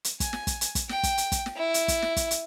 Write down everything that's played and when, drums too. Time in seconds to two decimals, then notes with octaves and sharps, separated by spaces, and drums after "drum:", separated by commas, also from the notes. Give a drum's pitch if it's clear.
0.04 drum: hi-hat
0.20 G#5, drum: kick, hi-hat
0.33 drum: snare
0.47 drum: kick, hi-hat
0.61 drum: hi-hat
0.75 drum: kick, hi-hat
0.89 G5, drum: snare
1.03 drum: kick, hi-hat
1.18 drum: hi-hat
1.32 drum: kick, hi-hat
1.46 drum: snare
1.56 E4
1.74 drum: hi-hat
1.88 drum: kick, hi-hat
2.02 drum: snare
2.16 drum: kick, hi-hat
2.31 drum: hi-hat